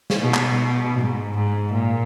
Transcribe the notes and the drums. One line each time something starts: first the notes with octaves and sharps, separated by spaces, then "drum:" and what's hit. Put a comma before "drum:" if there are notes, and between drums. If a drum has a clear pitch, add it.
drum: snare
B2
drum: clap
G#2
G#2
A#2